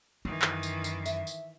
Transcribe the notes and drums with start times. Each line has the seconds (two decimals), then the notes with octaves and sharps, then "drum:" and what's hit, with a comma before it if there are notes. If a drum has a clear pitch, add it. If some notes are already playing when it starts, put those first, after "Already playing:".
0.25 F#2 D#3 E3
0.42 drum: clap
0.63 drum: tambourine
0.84 drum: tambourine
1.06 E5, drum: tambourine
1.27 drum: tambourine